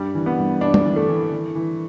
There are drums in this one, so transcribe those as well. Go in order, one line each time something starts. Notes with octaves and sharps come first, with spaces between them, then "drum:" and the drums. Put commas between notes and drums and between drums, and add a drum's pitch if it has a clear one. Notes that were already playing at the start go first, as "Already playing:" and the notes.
Already playing: G2 G3
E3
B3
G2
G2 D4
drum: tom G3
E3
A3
E3
E3
E3